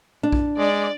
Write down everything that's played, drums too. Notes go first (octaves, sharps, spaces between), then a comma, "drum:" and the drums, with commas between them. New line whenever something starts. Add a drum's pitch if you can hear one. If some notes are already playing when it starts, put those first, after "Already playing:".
D4
drum: kick A#1
G#3 D5